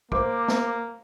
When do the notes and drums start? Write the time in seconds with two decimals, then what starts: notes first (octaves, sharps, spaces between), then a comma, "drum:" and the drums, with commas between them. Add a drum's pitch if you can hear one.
0.12 A#3 C5 D6, drum: kick
0.48 drum: snare